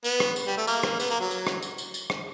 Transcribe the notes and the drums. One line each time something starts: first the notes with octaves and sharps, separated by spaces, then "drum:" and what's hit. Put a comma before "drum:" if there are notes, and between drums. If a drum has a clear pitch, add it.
B3, drum: tambourine
drum: rim click
drum: tambourine
G3
A3
A#3, drum: tambourine
drum: rim click
B3, drum: tambourine
A#3
F#3
drum: tambourine
drum: rim click
drum: tambourine
drum: tambourine
drum: tambourine
drum: rim click